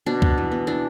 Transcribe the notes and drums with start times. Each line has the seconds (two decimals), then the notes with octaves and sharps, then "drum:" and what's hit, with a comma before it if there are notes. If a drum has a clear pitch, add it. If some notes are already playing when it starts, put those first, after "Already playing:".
0.06 B2 D4
0.22 B3, drum: kick C#2
0.38 E3
0.52 B3
0.67 E3 D4